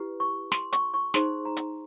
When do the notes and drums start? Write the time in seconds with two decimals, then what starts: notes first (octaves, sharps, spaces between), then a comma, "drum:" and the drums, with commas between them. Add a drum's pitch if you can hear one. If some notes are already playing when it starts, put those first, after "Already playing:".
Already playing: E4 G4 B4
0.20 C#6
0.52 C6, drum: snare
0.73 C#6, drum: hi-hat
0.94 C#6
1.14 D#4 G#4 C5 C6, drum: snare
1.45 A#5
1.57 drum: hi-hat